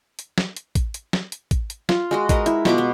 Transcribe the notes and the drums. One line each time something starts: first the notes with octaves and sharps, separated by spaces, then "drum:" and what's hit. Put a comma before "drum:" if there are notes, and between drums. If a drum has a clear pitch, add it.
drum: hi-hat
drum: snare
drum: hi-hat
drum: kick, hi-hat
drum: hi-hat
drum: snare
drum: hi-hat
drum: kick, hi-hat
drum: hi-hat
F4, drum: snare
G#3 F#4 D#5
G#3 A#4 B4 D#5, drum: kick, hi-hat
E4, drum: hi-hat
B2 F4 B5 D6, drum: snare
B3